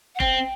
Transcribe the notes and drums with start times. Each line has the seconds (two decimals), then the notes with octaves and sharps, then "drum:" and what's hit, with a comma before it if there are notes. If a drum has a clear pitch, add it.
0.15 F#5
0.20 C4 G5, drum: kick F1